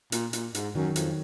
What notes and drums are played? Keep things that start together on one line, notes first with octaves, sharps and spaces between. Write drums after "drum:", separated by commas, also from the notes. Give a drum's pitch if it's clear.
A#2, drum: hi-hat
A#2, drum: hi-hat
G#2, drum: hi-hat
F#2 D#3 F#3
F2, drum: hi-hat